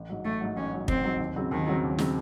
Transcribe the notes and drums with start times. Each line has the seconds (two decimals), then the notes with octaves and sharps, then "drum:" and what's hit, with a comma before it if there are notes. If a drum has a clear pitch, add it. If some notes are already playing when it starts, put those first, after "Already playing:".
Already playing: A1
0.09 G#2 F#3
0.25 A1 A3
0.41 G#2 F#3
0.56 A1 C#4
0.72 G#2 F#3
0.88 A1 C4, drum: kick
1.04 G#2 F#3
1.20 D#2
1.36 C#3 F#3 C4
1.51 D#2 D#3
1.68 C#3 F#3 C4
1.83 D#2
1.98 C#3 F#3 C4, drum: snare